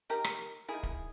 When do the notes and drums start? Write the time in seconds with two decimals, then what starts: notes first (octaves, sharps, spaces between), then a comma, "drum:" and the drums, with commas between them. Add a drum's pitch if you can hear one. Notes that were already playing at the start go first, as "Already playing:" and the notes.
0.10 D#3 A#3 G4 A#4
0.24 drum: rim click
0.68 D#3 A#3 E4 G#4
0.83 drum: kick D1